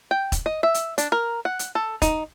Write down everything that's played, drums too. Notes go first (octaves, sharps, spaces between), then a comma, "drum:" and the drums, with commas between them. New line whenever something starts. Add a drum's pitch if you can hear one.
G5
drum: kick E1, hi-hat
D#5
E5
drum: hi-hat
D4, drum: hi-hat
A#4
F#5
drum: hi-hat
A4
D#4, drum: kick E1, hi-hat